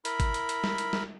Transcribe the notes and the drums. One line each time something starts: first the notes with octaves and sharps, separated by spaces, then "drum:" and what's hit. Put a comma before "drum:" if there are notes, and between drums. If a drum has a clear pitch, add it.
E4 A#4 B5, drum: hi-hat
drum: kick G#1, hi-hat
drum: hi-hat
drum: hi-hat
drum: snare
drum: hi-hat
drum: snare